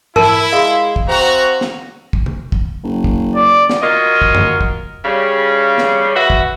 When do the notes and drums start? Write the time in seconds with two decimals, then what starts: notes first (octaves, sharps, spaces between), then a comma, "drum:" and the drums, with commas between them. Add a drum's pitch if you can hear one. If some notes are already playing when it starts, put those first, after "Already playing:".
0.16 E4 A#4 A5, drum: tom G#2
0.53 G#3 F5
0.96 drum: kick
1.08 C4 F#4 A#5
1.61 drum: snare
2.13 drum: kick
2.26 drum: tom C3
2.52 drum: kick
2.84 F#1
3.04 drum: kick
3.35 D5
3.69 drum: snare
3.83 F#3 F4 A#4 D#5
4.22 drum: kick
4.35 drum: tom F#2
4.61 drum: kick
5.04 C#3 G3
5.78 drum: snare
6.15 F#4 B4 E5
6.30 drum: kick